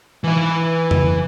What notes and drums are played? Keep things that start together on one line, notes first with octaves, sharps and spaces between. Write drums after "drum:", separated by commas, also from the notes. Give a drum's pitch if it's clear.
E3 E5
drum: tom F2